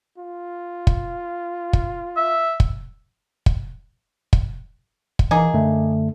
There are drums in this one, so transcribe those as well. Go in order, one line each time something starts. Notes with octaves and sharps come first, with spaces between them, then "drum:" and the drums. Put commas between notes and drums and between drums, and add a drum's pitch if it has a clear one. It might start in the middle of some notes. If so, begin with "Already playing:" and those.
F4
drum: kick
drum: kick
E5
drum: kick
drum: kick
drum: kick
drum: kick
E3 A#3 D#4 G#4
F#2 D3 A3